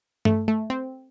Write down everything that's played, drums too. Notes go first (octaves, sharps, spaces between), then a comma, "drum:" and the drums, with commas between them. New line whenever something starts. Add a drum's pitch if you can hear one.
A3, drum: tom G2
A3
C4